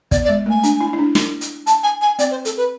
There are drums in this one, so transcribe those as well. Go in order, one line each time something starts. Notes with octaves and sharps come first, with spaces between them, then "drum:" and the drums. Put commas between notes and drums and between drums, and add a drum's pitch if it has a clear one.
B3 D5, drum: kick, hi-hat
D5
G#3
A3 G#5
D4, drum: hi-hat
E4
E4
D4
drum: snare
drum: hi-hat
A5, drum: hi-hat
G#5
G#5
C4 D5, drum: hi-hat
C5
A4, drum: hi-hat
B4